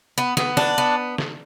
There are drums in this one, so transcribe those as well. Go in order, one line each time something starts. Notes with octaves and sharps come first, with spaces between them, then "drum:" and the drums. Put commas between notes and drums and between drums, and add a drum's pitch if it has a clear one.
B3
B3, drum: snare
D4, drum: snare
B3
drum: snare